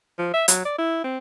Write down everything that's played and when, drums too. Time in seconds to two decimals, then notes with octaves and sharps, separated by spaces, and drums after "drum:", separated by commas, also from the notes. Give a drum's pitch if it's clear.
0.19 F3
0.34 E5
0.48 F#3, drum: hi-hat
0.65 D5
0.78 E4
1.04 C4